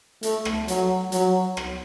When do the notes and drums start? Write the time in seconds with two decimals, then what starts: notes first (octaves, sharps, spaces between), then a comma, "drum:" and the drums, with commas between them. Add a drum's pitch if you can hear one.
0.23 A3, drum: hi-hat
0.45 drum: rim click
0.68 F#3, drum: hi-hat
1.12 F#3, drum: hi-hat
1.57 drum: rim click